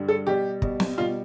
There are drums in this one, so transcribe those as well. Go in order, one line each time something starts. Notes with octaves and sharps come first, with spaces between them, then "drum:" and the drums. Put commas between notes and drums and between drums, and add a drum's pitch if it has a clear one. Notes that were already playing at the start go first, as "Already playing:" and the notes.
Already playing: G2 D3 G3
A4
B2 G3 G4
B2 G3, drum: kick
drum: snare
B2 G3 F4